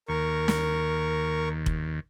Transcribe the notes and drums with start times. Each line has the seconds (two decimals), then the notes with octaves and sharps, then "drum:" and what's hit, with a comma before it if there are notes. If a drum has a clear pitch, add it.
0.09 D#2 A#4 C#6
0.48 drum: snare
1.66 drum: kick F1